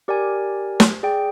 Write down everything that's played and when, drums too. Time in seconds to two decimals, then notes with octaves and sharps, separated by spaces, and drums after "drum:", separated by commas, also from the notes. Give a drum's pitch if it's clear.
0.08 G4 A#4 D5 G#5
0.80 drum: snare
1.03 G#4 D5 G5